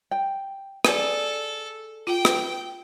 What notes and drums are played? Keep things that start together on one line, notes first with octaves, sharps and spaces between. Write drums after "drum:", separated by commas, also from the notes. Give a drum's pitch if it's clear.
G5
G#4 A4 D5, drum: rim click
F4 G5
drum: rim click